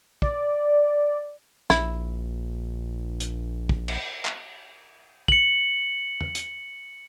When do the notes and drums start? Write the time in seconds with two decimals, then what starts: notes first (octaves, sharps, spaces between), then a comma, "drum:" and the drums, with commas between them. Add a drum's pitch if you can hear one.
0.22 D5, drum: kick
1.70 A#1 E4, drum: snare
3.20 drum: hi-hat
3.69 drum: kick
3.88 drum: cymbal
4.25 drum: clap
5.28 C#7 F#7, drum: kick
6.21 drum: tom
6.35 drum: hi-hat